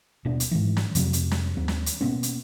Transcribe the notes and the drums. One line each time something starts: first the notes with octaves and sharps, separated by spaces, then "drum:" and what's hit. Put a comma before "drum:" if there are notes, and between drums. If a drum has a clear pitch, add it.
D#1 B2 B3 D4
drum: hi-hat
G#2 D#3 E3
drum: snare
F2 C3 F#3, drum: hi-hat
drum: hi-hat
drum: snare
D#2 C4
drum: snare
drum: hi-hat
B2 A#3 B3 C#4
drum: hi-hat